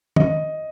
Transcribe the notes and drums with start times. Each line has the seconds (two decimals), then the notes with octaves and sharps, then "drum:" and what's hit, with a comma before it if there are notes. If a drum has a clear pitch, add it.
0.16 D#5, drum: tom